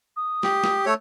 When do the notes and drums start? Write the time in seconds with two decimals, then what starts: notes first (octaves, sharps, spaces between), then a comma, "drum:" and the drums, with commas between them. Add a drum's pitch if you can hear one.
0.16 D#6
0.43 G4, drum: snare
0.64 drum: snare
0.86 A3 C#5 E6